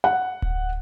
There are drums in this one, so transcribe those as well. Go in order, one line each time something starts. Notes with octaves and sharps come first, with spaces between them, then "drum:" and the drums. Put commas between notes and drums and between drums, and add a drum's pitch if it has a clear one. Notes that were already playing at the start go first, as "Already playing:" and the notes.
F#5
drum: kick D1